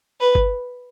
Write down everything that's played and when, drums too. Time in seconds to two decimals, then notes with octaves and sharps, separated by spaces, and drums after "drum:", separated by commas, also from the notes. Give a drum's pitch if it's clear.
0.20 B4
0.35 drum: kick G1